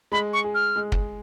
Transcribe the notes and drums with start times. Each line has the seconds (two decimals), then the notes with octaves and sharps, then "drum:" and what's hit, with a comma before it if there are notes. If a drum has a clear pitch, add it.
0.12 G#3 B5
0.33 C#6
0.44 G#4
0.55 F6
0.76 G#3
0.92 drum: kick